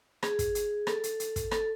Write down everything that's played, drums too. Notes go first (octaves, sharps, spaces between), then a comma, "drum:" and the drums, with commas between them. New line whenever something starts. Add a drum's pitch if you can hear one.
G#4, drum: rim click
drum: kick, hi-hat
drum: hi-hat
A4, drum: rim click
drum: hi-hat
drum: hi-hat
drum: kick, hi-hat
A4, drum: rim click